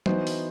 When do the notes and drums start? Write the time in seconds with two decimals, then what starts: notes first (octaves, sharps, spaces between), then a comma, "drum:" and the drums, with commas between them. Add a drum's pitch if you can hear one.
0.06 E3 B3 D#4 F#4 C5, drum: tom F#3
0.27 drum: open hi-hat